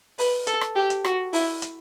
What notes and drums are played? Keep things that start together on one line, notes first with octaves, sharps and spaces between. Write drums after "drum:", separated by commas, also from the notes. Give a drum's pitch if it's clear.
B4, drum: open hi-hat
A4, drum: hi-hat
drum: rim click
G4
drum: hi-hat
F#4, drum: rim click
E4, drum: open hi-hat
drum: hi-hat